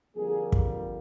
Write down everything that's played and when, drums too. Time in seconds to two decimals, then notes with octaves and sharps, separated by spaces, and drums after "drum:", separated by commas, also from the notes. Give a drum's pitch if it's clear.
0.16 F2 D3 G3 A#3 G#4
0.52 drum: kick